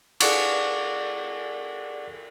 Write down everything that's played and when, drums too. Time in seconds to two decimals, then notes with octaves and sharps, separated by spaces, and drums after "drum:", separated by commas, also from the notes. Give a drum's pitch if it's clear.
0.20 G#4 A4 D5 F#5 C#6 D6, drum: cymbal